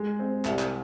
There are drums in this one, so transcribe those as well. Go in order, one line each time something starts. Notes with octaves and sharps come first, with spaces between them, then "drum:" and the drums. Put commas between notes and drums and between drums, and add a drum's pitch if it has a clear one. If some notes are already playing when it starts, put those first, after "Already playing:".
Already playing: G#3
C4
C2, drum: clap
drum: clap